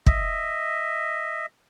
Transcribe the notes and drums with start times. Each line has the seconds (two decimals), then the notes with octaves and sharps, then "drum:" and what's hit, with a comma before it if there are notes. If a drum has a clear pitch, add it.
0.06 D#5 E5, drum: kick